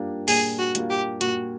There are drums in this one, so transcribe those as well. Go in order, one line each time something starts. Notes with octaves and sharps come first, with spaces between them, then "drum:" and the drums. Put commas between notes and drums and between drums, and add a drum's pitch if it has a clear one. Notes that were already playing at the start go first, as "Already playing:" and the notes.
Already playing: G3 A#3 D4 F4
A#2 G#4, drum: open hi-hat
F#4
G3 A#3 D4 F4, drum: hi-hat
G4
A#2 F#4, drum: hi-hat